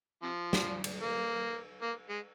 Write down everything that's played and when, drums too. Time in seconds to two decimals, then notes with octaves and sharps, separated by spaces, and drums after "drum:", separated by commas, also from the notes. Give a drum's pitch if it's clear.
0.23 C3 F3
0.53 drum: snare
0.84 drum: cymbal
1.02 A#3
1.82 A#3
2.09 G#3